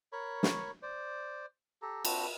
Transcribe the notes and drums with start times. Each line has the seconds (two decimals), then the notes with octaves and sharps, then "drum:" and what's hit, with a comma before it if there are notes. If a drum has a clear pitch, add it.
0.13 A#4 C#5 B5 C#6
0.43 drum: snare
0.82 C5 D5
1.82 G4 A4 A#5
2.05 C4 D4 F#4 B5, drum: cymbal